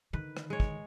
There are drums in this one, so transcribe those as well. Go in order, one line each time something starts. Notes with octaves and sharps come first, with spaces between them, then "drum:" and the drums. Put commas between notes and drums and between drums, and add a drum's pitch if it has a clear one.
D3 D#3 B4
drum: rim click
G#3 C#5
drum: kick